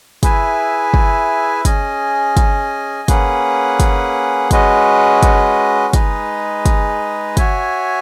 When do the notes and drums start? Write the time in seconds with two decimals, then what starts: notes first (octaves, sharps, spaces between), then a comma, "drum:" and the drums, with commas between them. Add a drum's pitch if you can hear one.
0.23 E4 G#4 B4 E5 G#5, drum: kick, hi-hat
0.94 drum: kick
1.65 C#4 G#4 D#5 G#5, drum: kick, hi-hat
2.37 drum: kick, hi-hat
3.08 A#3 C#4 G#4 B4 F#5, drum: kick, hi-hat
3.80 drum: kick, hi-hat
4.51 G#3 C#4 F#4 B4 D#5, drum: kick, hi-hat
5.23 drum: kick, hi-hat
5.93 G#3 D#4 G#4 B4 D#5, drum: kick, hi-hat
6.66 drum: kick, hi-hat
7.37 F#4 C#5 E5 G#5, drum: kick, hi-hat